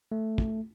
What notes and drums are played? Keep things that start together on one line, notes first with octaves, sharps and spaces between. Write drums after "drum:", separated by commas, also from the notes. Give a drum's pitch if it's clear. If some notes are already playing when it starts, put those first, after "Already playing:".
A3
drum: kick